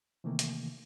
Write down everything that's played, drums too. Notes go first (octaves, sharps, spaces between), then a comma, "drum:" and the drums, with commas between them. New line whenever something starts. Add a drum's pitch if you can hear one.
C3 D#3 E3 A3 A#3
drum: hi-hat